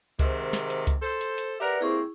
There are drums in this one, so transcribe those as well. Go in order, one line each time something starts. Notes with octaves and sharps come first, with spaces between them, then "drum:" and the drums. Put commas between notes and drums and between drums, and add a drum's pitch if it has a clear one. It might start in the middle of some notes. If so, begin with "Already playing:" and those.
G#2 C3 D#3, drum: kick C#2, hi-hat
drum: snare
drum: hi-hat
drum: kick C#2, hi-hat
A4 C5
drum: hi-hat
drum: hi-hat
G4 A#4 B4 D5 E5 F#5
C3 A#3 C4 E4 G#4 C#6